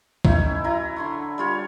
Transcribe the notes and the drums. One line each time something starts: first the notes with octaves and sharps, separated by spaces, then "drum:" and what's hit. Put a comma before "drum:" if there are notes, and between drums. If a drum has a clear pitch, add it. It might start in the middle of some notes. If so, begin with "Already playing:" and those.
D#3 C#4 E4 G5, drum: kick
F#3 E4 A#5
D3 C6 C#6
G3 F4 C#5